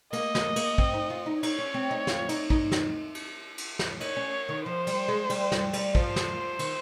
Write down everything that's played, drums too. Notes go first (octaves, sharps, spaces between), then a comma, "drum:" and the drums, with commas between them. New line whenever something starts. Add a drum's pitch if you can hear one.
A#3 D#5, drum: cymbal
A#3, drum: snare
A#3, drum: cymbal
C4, drum: kick
D#4
F4
D#4
D#4 C#5, drum: cymbal
C#4
C4
D#4
F4, drum: snare
D#4, drum: cymbal
D#4, drum: kick
drum: snare
drum: cymbal
drum: cymbal
drum: snare
D#4 C#5, drum: cymbal
C#4
D#3
F3 C5
G3, drum: cymbal
G#3
G3, drum: cymbal
G3, drum: snare
G3, drum: cymbal
F3 C5, drum: kick
drum: snare
D#3, drum: cymbal